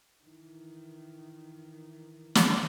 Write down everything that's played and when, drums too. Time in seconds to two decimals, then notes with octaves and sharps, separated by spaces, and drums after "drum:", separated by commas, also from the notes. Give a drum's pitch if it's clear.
0.23 D#3 E3
2.35 drum: snare